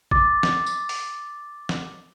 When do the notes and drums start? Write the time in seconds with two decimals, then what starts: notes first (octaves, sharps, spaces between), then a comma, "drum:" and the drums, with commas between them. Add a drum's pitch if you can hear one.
0.11 D6 A6, drum: kick G#1
0.43 drum: snare
0.66 drum: tambourine
0.89 drum: open hi-hat
1.69 drum: snare